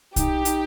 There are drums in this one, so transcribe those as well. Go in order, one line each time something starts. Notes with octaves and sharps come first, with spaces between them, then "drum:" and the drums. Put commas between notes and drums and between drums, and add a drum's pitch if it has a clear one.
D#4 G4, drum: kick, hi-hat
D#4, drum: hi-hat